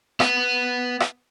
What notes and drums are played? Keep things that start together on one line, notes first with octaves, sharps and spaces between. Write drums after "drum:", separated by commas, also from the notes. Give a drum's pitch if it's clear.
B3, drum: rim click
drum: rim click